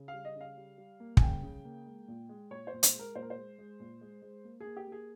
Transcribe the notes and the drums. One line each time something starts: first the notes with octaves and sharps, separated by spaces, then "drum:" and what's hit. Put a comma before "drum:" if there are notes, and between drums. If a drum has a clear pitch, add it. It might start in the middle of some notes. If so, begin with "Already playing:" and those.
Already playing: C#3
F5
G3
D#5
C#3 F5
G3
G3
A#3
G#5, drum: kick
C#3 G5
C#3
A#3
G#3
A#2
G#3
A#2 C#5
C5
A#2
C5, drum: hi-hat
G#3
A#4
A#2 C5
A#4
C5
G#3
G#3
A#2
G#3
G#3
A#3
G#4
A#3
G4
A#3 G#4